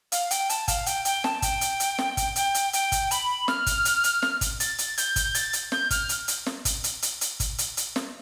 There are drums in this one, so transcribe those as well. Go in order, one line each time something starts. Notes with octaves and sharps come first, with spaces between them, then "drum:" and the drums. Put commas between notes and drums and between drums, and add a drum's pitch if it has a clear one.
F5, drum: hi-hat
G5, drum: hi-hat
A5, drum: hi-hat
F5, drum: kick, hi-hat
G5, drum: hi-hat
G5, drum: hi-hat
A5, drum: snare
G5, drum: kick, hi-hat
drum: hi-hat
drum: hi-hat
drum: snare
drum: kick, hi-hat
G5, drum: hi-hat
drum: hi-hat
G5, drum: hi-hat
drum: kick, hi-hat
B5, drum: hi-hat
F6, drum: snare
drum: kick, hi-hat
drum: hi-hat
drum: hi-hat
drum: snare
drum: kick, hi-hat
A6, drum: hi-hat
drum: hi-hat
G6, drum: hi-hat
drum: kick, hi-hat
A6, drum: hi-hat
drum: hi-hat
G6, drum: snare
F6, drum: kick, hi-hat
drum: hi-hat
drum: hi-hat
drum: snare
drum: kick, hi-hat
drum: hi-hat
drum: hi-hat
drum: hi-hat
drum: kick, hi-hat
drum: hi-hat
drum: hi-hat
drum: snare